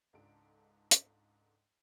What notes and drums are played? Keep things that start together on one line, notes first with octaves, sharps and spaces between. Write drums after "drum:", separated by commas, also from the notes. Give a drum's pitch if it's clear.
C#2 G#2 D4 A4 D7
drum: hi-hat